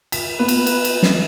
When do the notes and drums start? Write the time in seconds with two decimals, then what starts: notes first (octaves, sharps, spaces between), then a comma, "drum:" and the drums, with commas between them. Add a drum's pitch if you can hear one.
0.12 B6, drum: cymbal
0.39 A#3 B3 B4
0.48 drum: cymbal
0.66 drum: cymbal
0.85 drum: cymbal
1.03 drum: snare